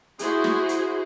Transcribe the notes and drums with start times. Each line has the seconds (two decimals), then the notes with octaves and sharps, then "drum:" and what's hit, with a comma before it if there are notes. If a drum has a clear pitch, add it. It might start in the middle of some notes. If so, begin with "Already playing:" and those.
0.19 E4 F#4 G#4 C5, drum: hi-hat
0.44 drum: snare
0.69 drum: hi-hat